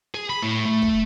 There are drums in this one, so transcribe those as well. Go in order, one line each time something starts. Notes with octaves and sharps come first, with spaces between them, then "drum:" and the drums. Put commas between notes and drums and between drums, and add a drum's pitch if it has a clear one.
G#4
B5
A2
A3
drum: kick